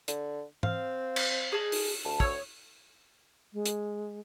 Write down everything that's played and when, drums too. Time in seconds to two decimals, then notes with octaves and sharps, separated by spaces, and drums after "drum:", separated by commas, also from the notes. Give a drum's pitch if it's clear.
0.08 D3, drum: hi-hat
0.63 C4 F5, drum: tom G#2
1.16 drum: cymbal
1.52 G#4 D#5 A5
1.72 drum: open hi-hat
2.05 D2 A5
2.20 C#5 D#6 E6, drum: kick
3.53 G#3
3.66 drum: hi-hat